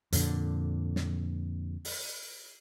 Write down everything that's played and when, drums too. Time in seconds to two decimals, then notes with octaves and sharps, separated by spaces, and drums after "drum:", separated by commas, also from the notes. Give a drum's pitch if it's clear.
0.12 F2 A#2 D3, drum: hi-hat
0.96 drum: snare
1.85 drum: open hi-hat